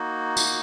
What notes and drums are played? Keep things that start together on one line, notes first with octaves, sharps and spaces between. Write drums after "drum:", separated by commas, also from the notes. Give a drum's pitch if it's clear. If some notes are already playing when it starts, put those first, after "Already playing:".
Already playing: A#3 D#4 F#4
drum: tambourine